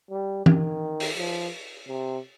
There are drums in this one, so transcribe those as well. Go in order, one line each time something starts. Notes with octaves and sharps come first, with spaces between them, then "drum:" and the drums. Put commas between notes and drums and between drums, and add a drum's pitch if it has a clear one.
G3
D#3, drum: tom E3
drum: open hi-hat
F3
C3